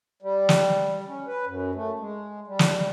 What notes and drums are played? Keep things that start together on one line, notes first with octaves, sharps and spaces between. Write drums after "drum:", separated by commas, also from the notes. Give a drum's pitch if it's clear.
G3
drum: snare
G3
C#4
B4
F#2
A3
G#3
G3
drum: snare